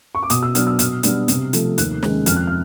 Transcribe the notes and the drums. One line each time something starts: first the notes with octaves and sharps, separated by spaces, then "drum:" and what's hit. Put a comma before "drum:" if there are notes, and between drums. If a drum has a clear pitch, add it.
C#6
D6
B2 D#6, drum: hi-hat
E6
F#3 B3 D4 F6, drum: hi-hat
E6
B2 F6, drum: hi-hat
G3 B3 D4, drum: hi-hat
C3, drum: hi-hat
F3 A3, drum: hi-hat
D#2 F#6, drum: hi-hat
D#3 G#3 C#4, drum: snare
F2 F6, drum: hi-hat
F#6
F6